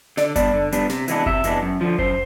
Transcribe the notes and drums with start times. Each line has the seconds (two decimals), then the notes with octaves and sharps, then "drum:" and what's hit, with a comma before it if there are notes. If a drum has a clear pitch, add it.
0.17 D3 D5, drum: snare
0.36 G3 B3 D4 D5, drum: kick F#1, hi-hat
0.53 D3
0.72 G3 B3 D4, drum: hi-hat
0.90 C3, drum: snare
1.08 E3 G#3 B3 D4, drum: hi-hat
1.26 C3 E5, drum: kick F#1
1.44 E3 G#3 B3 D4, drum: hi-hat
1.62 F#2
1.81 D3 F3
1.98 F#2 C5, drum: kick F#1